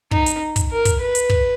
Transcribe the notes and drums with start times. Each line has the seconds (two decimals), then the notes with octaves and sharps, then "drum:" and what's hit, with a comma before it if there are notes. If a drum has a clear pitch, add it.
0.11 D#4, drum: kick
0.26 drum: hi-hat
0.56 drum: kick, hi-hat
0.71 A#4
0.85 drum: kick, hi-hat
1.00 B4
1.15 drum: hi-hat
1.29 drum: kick